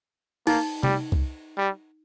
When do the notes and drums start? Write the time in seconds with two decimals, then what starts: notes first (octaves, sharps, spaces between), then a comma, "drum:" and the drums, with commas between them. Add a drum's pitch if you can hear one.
0.47 A#3 D#4, drum: cymbal
0.83 G3, drum: tom C3
1.12 drum: kick
1.58 G3